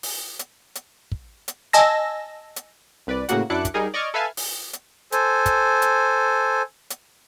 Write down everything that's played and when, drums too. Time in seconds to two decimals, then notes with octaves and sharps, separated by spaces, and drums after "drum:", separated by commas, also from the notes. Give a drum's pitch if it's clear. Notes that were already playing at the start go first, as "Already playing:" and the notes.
0.03 drum: open hi-hat
0.39 drum: hi-hat
0.75 drum: hi-hat
1.12 drum: kick
1.48 drum: hi-hat
1.73 D#5 G#5 A5 E6 A#6
2.56 drum: hi-hat
3.07 C2 B4 D5
3.29 A2 C#3 A#3 F#4 F#5, drum: hi-hat
3.50 F#2 D4 E4 D6 F#6 C#7
3.65 drum: kick, hi-hat
3.74 G3 D#4 G#4 A#4
3.94 D5 D#5 C#6 D6 F6 G#6
4.14 A4 B4 E5 F5 G#5 A5
4.37 drum: open hi-hat
4.73 drum: hi-hat
5.12 A4 C5 G#5, drum: hi-hat
5.46 drum: kick, hi-hat
5.82 drum: hi-hat
6.90 drum: hi-hat